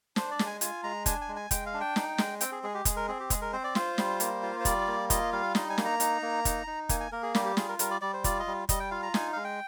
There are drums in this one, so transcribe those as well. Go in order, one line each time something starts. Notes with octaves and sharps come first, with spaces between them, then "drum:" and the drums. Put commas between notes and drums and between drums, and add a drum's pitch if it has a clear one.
D4 C5, drum: snare
D5
G#3, drum: snare
G#5
F4 G#5, drum: hi-hat
G#3 A#5
D4 G#5, drum: kick F1, hi-hat
G#5
G#3
G#5
G#3 G5, drum: kick F1, hi-hat
F5
D4
G5
D#4, drum: snare
G#3, drum: snare
C4 G5, drum: hi-hat
G#4
G#3 G#4
G4
G#3 G#4, drum: kick F1, hi-hat
A#4
C4 G#4
G4
G#3 G#4, drum: kick F1, hi-hat
A#4
C4 C5
D5
F4 C5, drum: snare
G3, drum: snare
A#3, drum: hi-hat
F4
C5
G3 D5, drum: kick F1, hi-hat
A#3
F4 D#5, drum: kick F1, hi-hat
G3 F5
D#4 D#5, drum: snare
G#5
A#3, drum: snare
A#5
D#4, drum: hi-hat
A#3
D#4, drum: kick F1, hi-hat
D#4
A#3 G#5, drum: kick F1, hi-hat
G#5
A#3 A#4
G#4
G3 G4, drum: snare
G4
F4 G#4, drum: snare
A#4
G3 A#4, drum: hi-hat
D5
G3 D5
C5
F4 D5, drum: kick F1, hi-hat
D#5
G3
G3 D#5, drum: kick F1, hi-hat
G5
F4 F5
A#5
D#4 G#5, drum: snare
G#3 F5
G5